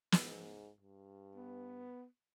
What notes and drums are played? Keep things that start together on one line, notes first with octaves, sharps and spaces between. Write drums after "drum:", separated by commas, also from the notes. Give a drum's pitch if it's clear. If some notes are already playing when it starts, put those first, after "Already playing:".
drum: snare
G#2
G2
B3